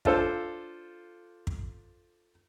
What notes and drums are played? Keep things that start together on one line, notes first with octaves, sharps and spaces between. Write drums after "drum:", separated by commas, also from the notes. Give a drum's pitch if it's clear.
D4 F4 A4 C5, drum: kick
drum: kick